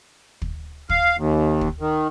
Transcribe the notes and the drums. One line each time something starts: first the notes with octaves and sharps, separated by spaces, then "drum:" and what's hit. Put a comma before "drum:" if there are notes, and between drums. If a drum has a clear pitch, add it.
drum: kick
F5, drum: kick
D#2
drum: kick
D#3